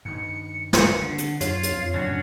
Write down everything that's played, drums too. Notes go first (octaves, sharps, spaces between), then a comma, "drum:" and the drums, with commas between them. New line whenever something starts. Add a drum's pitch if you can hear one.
G2 D#3 C#7
drum: snare
D3
drum: hi-hat
F#2 F4 C#5, drum: hi-hat
drum: hi-hat
F2
F#2 A2 C#3 C#4 D4 F#4